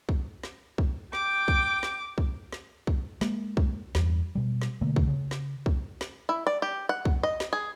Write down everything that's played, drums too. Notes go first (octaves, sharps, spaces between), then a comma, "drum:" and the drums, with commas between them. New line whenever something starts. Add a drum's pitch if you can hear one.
drum: kick
drum: snare
drum: kick
G5 D6, drum: snare
drum: kick
drum: snare
drum: kick
drum: snare
drum: kick
G#3 A#3, drum: snare
drum: kick
E2 G2, drum: snare
B2 G3
drum: snare
B2 D3 A3 A#3
drum: kick
C#3
drum: snare
drum: kick
drum: snare
E4
D5
G4
F#5
drum: kick
D#5
drum: snare
G#4